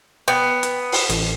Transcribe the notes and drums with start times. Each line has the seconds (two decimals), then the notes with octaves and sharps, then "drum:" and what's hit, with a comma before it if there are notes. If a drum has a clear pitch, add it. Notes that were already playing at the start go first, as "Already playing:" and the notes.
0.28 B3 G5
0.63 drum: hi-hat
0.92 drum: open hi-hat
1.10 A1, drum: hi-hat